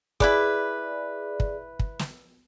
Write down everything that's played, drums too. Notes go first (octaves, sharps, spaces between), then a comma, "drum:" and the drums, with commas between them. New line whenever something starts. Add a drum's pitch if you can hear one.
E4 G#4 B4 D5 D6, drum: kick
drum: kick
drum: kick
drum: snare